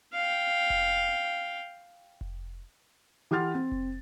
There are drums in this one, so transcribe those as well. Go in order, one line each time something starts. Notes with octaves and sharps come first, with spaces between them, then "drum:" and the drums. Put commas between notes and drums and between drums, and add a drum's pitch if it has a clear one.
F5 G5
drum: kick F1
drum: kick F1
E3 G4 F#5 C6 F6 A6
C4
drum: kick F1